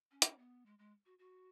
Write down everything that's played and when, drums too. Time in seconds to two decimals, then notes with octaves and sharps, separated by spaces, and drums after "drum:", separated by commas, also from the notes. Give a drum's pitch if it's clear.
0.11 C#4
0.22 drum: hi-hat
0.38 B3
0.66 G#3
0.79 G#3
1.06 F#4
1.19 F#4